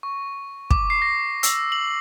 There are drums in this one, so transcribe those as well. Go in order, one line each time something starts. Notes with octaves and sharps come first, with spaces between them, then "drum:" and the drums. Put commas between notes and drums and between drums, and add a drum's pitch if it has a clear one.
C#6
D6, drum: kick
C7
A#6
E6, drum: hi-hat
F#7